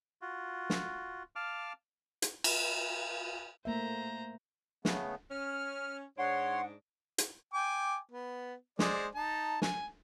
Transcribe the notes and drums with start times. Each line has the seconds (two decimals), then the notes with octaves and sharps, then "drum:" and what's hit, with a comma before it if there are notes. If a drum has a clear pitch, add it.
0.21 F4 F#4
0.70 drum: snare
1.36 F5 A5 D6 F6
2.22 drum: hi-hat
2.44 drum: cymbal
3.65 A3 A#3 C5 E5 A#5
4.85 C#3 A3 B3, drum: snare
5.31 C#4 F6
6.18 G#2 D4 C#5 F#5 C6
7.18 drum: hi-hat
7.53 G5 G#5 D6
8.12 B3
8.79 G#3 C5 D5, drum: snare
9.15 D#4 A5
9.62 G#5, drum: snare